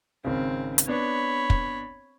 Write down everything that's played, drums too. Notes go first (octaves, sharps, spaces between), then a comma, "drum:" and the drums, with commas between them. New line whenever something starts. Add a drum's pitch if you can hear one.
G#1 C#3 C4
drum: hi-hat
B3 D4 C#5 B5
drum: kick